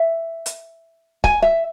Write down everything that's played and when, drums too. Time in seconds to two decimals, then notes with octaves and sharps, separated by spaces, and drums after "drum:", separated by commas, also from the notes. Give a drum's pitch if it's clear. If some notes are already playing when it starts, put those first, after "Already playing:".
Already playing: E5
0.46 drum: hi-hat
1.24 G#5, drum: kick C#1
1.42 E5